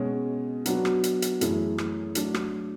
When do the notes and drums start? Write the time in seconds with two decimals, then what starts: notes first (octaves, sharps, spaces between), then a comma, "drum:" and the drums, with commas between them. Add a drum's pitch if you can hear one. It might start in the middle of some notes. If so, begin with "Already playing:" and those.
Already playing: B2 G#3 C#4
0.66 F#3 B3 D4 F#4, drum: hi-hat
0.85 drum: rim click
1.04 drum: hi-hat
1.22 drum: hi-hat
1.41 F#2 E3 A3 E4 G#4, drum: hi-hat
1.78 drum: rim click
2.15 F#3 A3 D4 F#4, drum: hi-hat
2.34 drum: rim click